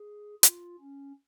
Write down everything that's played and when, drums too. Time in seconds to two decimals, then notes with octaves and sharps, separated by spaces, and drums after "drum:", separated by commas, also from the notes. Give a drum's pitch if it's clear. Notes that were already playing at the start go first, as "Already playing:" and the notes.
Already playing: G#4
0.43 F4, drum: hi-hat
0.80 C#4